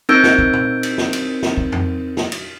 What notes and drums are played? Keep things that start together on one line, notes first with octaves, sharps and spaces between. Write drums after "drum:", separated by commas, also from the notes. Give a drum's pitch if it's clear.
C4 D#4 A#4 E6 G6 D7
drum: snare
drum: kick
drum: tom A#2
drum: cymbal
drum: snare
drum: cymbal
drum: snare
drum: kick
drum: tom F2
drum: snare
drum: cymbal